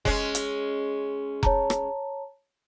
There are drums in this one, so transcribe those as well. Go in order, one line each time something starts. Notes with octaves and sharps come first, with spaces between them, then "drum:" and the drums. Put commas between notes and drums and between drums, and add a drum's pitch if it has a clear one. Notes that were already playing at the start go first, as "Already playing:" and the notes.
G#3 C#4, drum: kick F1
drum: hi-hat
C#5 A5 A#5, drum: kick F1
drum: rim click